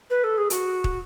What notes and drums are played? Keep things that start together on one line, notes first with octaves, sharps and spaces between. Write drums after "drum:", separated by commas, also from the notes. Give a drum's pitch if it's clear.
B4
A4
G#4
F#4, drum: hi-hat
drum: kick